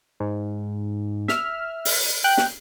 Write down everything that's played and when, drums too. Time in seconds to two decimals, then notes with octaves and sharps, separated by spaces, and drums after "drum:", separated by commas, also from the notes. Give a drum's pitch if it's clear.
0.20 G#2
1.28 E5 F6, drum: snare
1.85 drum: open hi-hat
2.24 G5 F#6
2.38 drum: snare